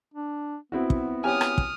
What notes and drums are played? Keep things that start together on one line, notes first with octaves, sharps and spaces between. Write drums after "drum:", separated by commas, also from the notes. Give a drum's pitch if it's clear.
D4
B3 C4 E4 F#4
drum: kick
C#4 G4 G#5 D#6 F6
drum: rim click
drum: kick